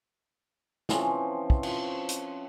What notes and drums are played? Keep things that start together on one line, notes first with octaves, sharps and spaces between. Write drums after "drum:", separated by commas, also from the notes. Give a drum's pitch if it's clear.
E3 F3 C4 C#4, drum: snare
drum: kick
F3, drum: cymbal
drum: hi-hat